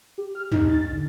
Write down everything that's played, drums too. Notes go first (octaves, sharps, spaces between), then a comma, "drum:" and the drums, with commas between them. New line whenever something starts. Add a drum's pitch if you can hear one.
G4
F6
D#4, drum: tom
A6
D3